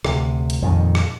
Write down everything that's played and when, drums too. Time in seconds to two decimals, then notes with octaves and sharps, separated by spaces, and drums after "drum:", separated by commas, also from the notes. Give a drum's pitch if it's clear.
0.05 D2 C3, drum: rim click
0.50 drum: hi-hat
0.62 F2 A#2 D#3
0.95 drum: rim click